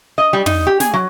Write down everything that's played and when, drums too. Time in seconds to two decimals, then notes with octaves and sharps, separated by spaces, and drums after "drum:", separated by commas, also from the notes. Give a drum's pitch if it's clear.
0.18 D#5
0.33 G3
0.46 D#4, drum: tom
0.67 G4
0.80 G#4, drum: snare
0.94 F#3